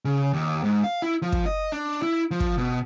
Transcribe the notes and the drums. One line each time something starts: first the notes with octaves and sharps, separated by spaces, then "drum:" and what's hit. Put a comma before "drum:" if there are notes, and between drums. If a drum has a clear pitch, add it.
C#3
D#2
G#2
F5
E4
F3
drum: kick
D#5
D4
E4
F3
drum: kick
B2